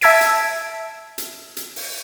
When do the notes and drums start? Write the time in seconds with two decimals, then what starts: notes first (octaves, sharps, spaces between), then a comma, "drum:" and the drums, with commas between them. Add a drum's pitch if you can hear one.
0.01 E5 A5 E6 G#6 B6 D7, drum: open hi-hat
0.21 drum: hi-hat
1.18 drum: hi-hat
1.57 drum: hi-hat
1.76 drum: open hi-hat